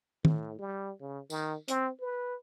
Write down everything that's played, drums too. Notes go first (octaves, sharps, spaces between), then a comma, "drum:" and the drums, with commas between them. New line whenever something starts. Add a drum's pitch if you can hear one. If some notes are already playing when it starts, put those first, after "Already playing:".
A2, drum: tom D#3
G3
C#3
D#3, drum: tambourine
C4, drum: hi-hat
B4